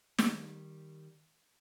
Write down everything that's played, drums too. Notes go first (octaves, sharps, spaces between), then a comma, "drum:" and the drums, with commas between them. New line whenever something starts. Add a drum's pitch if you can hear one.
D#3 G3, drum: snare